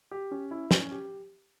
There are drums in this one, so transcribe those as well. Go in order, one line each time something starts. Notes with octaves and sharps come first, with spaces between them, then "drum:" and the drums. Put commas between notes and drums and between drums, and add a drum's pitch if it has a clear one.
G4
C#4
E4
C#4, drum: snare
G4